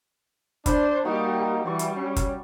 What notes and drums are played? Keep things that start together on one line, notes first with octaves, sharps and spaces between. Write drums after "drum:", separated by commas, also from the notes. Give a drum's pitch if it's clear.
D4 C5 B5, drum: kick, hi-hat
G3 A#3 D#4 F#4 G4 G5 A#5
E3 G3 D5 C#6
drum: hi-hat
C#4
drum: kick, hi-hat